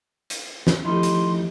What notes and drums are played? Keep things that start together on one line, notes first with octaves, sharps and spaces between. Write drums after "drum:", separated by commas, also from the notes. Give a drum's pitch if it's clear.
drum: hi-hat
drum: snare
F3 A3 D#4 E4 G4 C6
drum: hi-hat